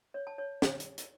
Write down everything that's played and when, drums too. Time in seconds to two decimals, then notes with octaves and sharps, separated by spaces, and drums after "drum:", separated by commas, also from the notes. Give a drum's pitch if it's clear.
0.14 C#5
0.27 A5
0.38 C#5
0.62 drum: snare
0.80 drum: hi-hat
0.98 drum: hi-hat